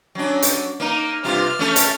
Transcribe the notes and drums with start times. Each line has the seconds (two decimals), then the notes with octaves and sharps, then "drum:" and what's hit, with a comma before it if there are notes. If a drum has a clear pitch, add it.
0.15 F#3 C#4 D4
0.42 drum: hi-hat
0.80 A#3 D#4
1.24 G2 C3 F4 F6
1.59 A3 C#4 A4
1.76 drum: hi-hat